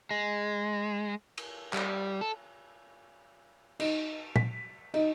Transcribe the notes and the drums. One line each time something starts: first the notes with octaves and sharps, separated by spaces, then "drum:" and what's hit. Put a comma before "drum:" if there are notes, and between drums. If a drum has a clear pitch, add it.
G#3
drum: cymbal
G3, drum: clap
A4
D#4, drum: cymbal
B6, drum: tom A#2
D#4, drum: cymbal